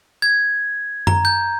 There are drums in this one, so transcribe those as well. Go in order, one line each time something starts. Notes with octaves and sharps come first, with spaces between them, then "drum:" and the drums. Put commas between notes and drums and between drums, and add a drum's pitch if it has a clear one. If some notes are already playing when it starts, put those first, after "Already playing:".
G#6
A#5, drum: tom F#2
G6